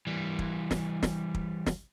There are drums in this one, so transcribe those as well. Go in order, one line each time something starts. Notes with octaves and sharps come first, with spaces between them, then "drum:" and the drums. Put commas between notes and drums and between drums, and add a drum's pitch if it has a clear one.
E3 G3
drum: kick
drum: snare
drum: snare
drum: kick
drum: snare